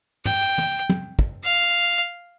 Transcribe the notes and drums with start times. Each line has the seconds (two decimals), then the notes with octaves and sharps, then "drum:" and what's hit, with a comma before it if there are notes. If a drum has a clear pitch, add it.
0.25 G5, drum: tom
0.58 drum: tom
0.89 drum: tom
1.19 drum: kick
1.44 F5